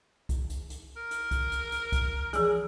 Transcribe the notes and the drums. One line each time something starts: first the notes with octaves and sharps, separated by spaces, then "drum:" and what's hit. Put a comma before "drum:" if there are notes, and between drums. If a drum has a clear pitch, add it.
drum: kick C2, hi-hat
drum: hi-hat
drum: hi-hat
A#4
drum: hi-hat
drum: kick C2, hi-hat
drum: hi-hat
drum: hi-hat
drum: kick C2, hi-hat
E3 F3 G#4, drum: hi-hat